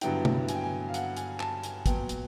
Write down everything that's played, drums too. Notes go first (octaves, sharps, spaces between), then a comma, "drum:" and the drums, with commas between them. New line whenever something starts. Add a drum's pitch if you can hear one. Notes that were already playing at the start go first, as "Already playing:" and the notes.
G2 D3 F#3 B3 E4 G5, drum: hi-hat
drum: tom C3
G#5, drum: hi-hat
G5
G#5
F5
F#5, drum: hi-hat
G#5, drum: hi-hat
A5, drum: clap
G#5, drum: hi-hat
A#2 F#3 B3 G5, drum: kick, hi-hat
drum: hi-hat